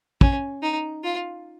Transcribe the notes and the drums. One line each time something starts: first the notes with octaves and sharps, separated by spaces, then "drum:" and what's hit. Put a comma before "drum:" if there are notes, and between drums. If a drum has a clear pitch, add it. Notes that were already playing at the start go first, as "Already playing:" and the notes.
C#4, drum: kick
D#4
F4